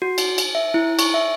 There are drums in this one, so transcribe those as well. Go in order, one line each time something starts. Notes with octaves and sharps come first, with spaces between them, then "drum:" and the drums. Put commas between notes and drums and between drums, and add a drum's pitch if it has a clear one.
F#4
drum: cymbal
drum: cymbal
E5
E4
C#6, drum: cymbal
E5